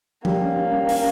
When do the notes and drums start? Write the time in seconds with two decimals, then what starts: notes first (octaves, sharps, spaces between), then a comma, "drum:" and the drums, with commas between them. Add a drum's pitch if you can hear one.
0.25 G3 A#3, drum: tom F3
0.41 C#4
0.56 C#4
0.72 G3
0.89 C#4, drum: open hi-hat